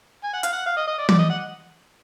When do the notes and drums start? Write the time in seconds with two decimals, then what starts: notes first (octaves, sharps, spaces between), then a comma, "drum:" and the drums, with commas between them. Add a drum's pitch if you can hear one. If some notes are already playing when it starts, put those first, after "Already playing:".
0.24 G#5
0.33 F#5
0.43 F5, drum: hi-hat
0.52 F#5
0.66 F5
0.77 D#5
0.87 D#5
0.98 D5
1.09 D5, drum: tom
1.19 D#5
1.30 F#5